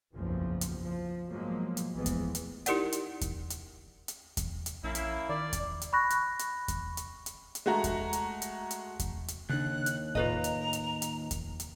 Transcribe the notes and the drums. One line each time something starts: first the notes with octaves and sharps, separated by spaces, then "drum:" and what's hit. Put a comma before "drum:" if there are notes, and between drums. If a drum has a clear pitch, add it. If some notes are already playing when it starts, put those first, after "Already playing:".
F#1 B1 E2 F3
drum: hi-hat
F3
G#2 B2 F3 F#3 G#3 A#3
drum: hi-hat
A1 E3 F3 G#3 B3
drum: kick E2, hi-hat
drum: hi-hat
D#4 E4 G4 A#4 D5 F#5, drum: hi-hat
drum: hi-hat
drum: kick E2, hi-hat
drum: hi-hat
drum: hi-hat
drum: kick E2, hi-hat
drum: hi-hat
A#1 A#3 C#4 E4
drum: hi-hat
D#3 D5
drum: kick E2, hi-hat
drum: hi-hat
B5 C#6 F#6 A#6
drum: hi-hat
drum: hi-hat
drum: kick E2, hi-hat
drum: hi-hat
drum: hi-hat
drum: hi-hat
G#3 A3 F#4 A#5
drum: kick E2, hi-hat
drum: hi-hat
drum: hi-hat
drum: hi-hat
drum: kick E2, hi-hat
drum: hi-hat
D#2 C#3 D4 F#6
drum: hi-hat
A2 F4 B4 D#5 A#5, drum: kick E2
drum: hi-hat
drum: hi-hat
drum: hi-hat
drum: kick E2, hi-hat
drum: hi-hat